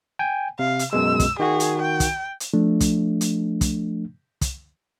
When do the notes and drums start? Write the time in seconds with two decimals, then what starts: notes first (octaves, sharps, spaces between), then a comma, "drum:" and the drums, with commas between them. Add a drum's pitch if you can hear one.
0.19 G5 G#5
0.59 C3 F5
0.79 drum: hi-hat
0.93 F#2 B2 G#3 E6
1.20 drum: kick, hi-hat
1.40 D#3 F#4 G#4
1.60 drum: hi-hat
1.82 G5
2.00 drum: kick, hi-hat
2.40 drum: hi-hat
2.54 F3 A3 D4
2.80 drum: kick, hi-hat
3.21 drum: hi-hat
3.61 drum: kick, hi-hat
4.41 drum: kick, hi-hat